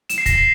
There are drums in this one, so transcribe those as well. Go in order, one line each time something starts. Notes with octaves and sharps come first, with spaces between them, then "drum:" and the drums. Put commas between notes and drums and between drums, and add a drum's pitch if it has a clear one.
E7, drum: hi-hat
C7
A#6, drum: kick, hi-hat
C7